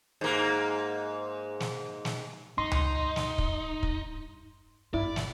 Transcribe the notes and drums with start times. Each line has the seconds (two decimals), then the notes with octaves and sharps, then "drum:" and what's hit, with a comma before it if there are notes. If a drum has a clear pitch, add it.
0.21 G#2 A#3
1.60 drum: snare
2.05 drum: snare
2.58 G2 D#4 C6
2.72 drum: tom C#2
3.16 drum: snare
3.38 drum: kick
3.83 drum: kick
4.94 G1 G2 E4 D5
5.16 drum: snare